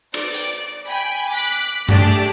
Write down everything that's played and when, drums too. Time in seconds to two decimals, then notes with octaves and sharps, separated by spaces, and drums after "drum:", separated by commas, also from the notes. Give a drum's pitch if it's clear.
0.14 D5, drum: cymbal
0.34 drum: hi-hat
0.87 G5 G#5 B5
1.28 D6 F#6 B6
1.89 A3 D4 G4 G#4 D5 A5, drum: tom G2